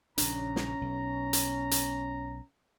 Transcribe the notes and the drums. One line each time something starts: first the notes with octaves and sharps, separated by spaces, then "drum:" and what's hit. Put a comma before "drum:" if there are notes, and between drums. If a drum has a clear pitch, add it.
A#1 C#3 C#4 D4 A#5, drum: hi-hat
drum: snare
B1
drum: hi-hat
drum: hi-hat